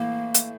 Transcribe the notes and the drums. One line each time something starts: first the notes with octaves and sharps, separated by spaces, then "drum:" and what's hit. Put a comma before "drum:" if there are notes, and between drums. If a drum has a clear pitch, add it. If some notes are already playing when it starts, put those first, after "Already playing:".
Already playing: A2 E3 A#3
drum: hi-hat